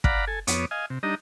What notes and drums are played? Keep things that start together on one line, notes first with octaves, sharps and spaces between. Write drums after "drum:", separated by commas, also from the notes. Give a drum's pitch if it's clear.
D5 F5 F#5 A#5 B5, drum: kick
A4 G#5
F2 B3 C#5 D6 D#6, drum: hi-hat
D#5 F5 G#5
C3
G3 D4 D#4 D#5 A#5